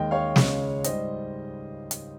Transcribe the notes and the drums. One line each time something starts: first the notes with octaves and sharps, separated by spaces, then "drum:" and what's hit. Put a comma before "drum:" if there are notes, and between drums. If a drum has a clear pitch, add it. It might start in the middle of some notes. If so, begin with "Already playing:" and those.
Already playing: D#2 D#3 G#3 D#5 G5
C#5 F5
C#2 C#3 G#3, drum: snare
G#2 G3 C5 D#5, drum: hi-hat
drum: hi-hat